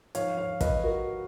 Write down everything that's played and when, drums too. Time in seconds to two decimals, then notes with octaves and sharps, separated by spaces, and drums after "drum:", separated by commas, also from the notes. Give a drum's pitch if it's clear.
0.15 G#2 F3 C#5 F5, drum: hi-hat
0.37 C#5 F5
0.61 B4 D#5, drum: kick, hi-hat
0.84 F#4 A#4